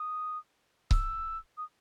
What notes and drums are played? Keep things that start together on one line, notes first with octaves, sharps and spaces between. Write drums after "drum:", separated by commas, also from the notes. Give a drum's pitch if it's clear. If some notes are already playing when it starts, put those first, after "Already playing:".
Already playing: D#6
E6, drum: kick C#1
D#6